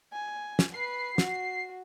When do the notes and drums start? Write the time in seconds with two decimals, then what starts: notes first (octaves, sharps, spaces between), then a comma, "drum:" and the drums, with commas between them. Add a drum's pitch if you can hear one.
0.12 G#5
0.59 drum: snare
0.74 B4 C7
1.18 F#4, drum: snare